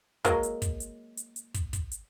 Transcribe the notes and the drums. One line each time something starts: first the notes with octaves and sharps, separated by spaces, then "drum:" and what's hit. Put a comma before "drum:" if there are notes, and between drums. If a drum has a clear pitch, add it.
F#3 G#3 A#3, drum: kick, hi-hat
drum: hi-hat
drum: kick, hi-hat
drum: hi-hat
drum: hi-hat
drum: hi-hat
drum: kick, hi-hat
drum: kick, hi-hat
drum: hi-hat